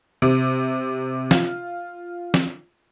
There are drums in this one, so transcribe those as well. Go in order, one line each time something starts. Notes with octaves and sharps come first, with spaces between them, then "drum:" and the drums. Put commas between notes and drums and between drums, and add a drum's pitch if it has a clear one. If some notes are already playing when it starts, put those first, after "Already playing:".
C3
F4, drum: snare
drum: snare